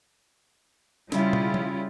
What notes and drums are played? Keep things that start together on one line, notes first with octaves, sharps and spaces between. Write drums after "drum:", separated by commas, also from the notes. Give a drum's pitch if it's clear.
C#3 G3 E4 F4, drum: snare
drum: tom
drum: tom